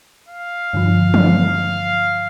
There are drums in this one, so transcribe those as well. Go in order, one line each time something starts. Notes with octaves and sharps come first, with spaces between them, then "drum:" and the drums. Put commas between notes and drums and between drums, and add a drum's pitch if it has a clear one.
F5
G2 D3 F3
drum: tom